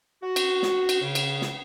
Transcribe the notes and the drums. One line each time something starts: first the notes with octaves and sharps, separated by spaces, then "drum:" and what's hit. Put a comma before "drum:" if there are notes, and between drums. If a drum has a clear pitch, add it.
F#4
drum: cymbal
drum: snare
drum: cymbal
C#3
drum: cymbal
drum: snare